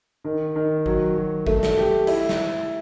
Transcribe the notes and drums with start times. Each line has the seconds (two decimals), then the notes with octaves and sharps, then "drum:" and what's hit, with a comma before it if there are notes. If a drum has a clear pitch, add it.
0.24 D#3
0.55 D#3
0.86 F#3, drum: kick G#1
1.16 F#3
1.47 A3, drum: kick G#1
1.63 drum: snare
1.77 G4
2.07 E4, drum: cymbal
2.29 drum: snare